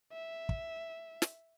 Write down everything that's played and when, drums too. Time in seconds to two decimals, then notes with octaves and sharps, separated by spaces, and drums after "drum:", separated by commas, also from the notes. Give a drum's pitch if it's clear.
0.12 E5
0.49 drum: kick
1.22 drum: snare